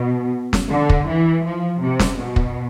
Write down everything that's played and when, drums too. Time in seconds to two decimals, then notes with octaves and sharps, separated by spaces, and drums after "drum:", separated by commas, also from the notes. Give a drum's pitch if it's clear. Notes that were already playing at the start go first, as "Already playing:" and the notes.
Already playing: B2
0.53 drum: snare
0.71 D3
0.89 drum: kick
1.08 E3
1.45 F3
1.81 C3
1.99 drum: snare
2.17 B2
2.36 drum: kick